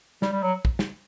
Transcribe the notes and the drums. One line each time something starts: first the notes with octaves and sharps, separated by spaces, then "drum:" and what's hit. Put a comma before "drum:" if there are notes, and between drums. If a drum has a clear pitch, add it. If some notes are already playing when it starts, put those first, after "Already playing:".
G3, drum: snare
G3
F#3
drum: kick
drum: snare